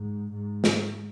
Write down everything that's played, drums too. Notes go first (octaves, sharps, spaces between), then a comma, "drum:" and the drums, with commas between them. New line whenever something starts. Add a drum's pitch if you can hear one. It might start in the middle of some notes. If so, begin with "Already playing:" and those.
Already playing: G#2
G#2
drum: snare